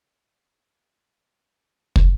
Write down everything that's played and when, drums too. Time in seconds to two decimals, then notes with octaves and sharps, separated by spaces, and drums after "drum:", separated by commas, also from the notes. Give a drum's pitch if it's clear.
0.14 G#3
0.51 C4
0.88 B3
1.59 C4
1.96 drum: kick